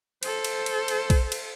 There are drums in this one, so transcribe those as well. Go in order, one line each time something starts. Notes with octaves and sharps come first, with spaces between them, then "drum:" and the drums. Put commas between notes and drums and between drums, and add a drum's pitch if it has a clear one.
A4 C5, drum: cymbal
drum: cymbal
drum: cymbal
drum: cymbal
drum: kick, cymbal
drum: cymbal